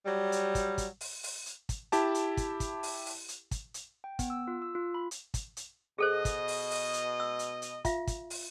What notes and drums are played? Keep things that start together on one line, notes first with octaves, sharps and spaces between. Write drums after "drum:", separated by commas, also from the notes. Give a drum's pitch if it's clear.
F#3 G3
drum: hi-hat
drum: kick, hi-hat
drum: kick, hi-hat
drum: open hi-hat
drum: open hi-hat
drum: hi-hat
drum: kick, hi-hat
E4 G4 A5, drum: hi-hat
drum: hi-hat
drum: kick, hi-hat
drum: kick, hi-hat
drum: open hi-hat
drum: open hi-hat
drum: hi-hat
drum: kick, hi-hat
drum: hi-hat
G5
B3, drum: kick, hi-hat
E6
F4
E6
F4
B5
drum: hi-hat
drum: kick, hi-hat
drum: hi-hat
B2 G#4 A4 C5 D#5
drum: kick, hi-hat
drum: open hi-hat
drum: open hi-hat
drum: hi-hat
E6
drum: hi-hat
drum: hi-hat
F4 E5 F5, drum: kick, hi-hat
drum: kick, hi-hat
drum: open hi-hat